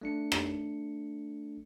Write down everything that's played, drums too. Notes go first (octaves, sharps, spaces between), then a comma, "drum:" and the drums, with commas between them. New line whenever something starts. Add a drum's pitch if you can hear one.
A3 D4 C#7
drum: rim click